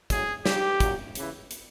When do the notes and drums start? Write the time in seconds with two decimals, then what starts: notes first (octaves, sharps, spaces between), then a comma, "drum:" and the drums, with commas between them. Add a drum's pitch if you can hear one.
0.10 A2 F#3 G#4, drum: kick, hi-hat
0.46 C3 F3 G4, drum: snare
0.80 A#2 F#3, drum: kick, hi-hat
1.15 C#3 E3, drum: hi-hat
1.51 drum: hi-hat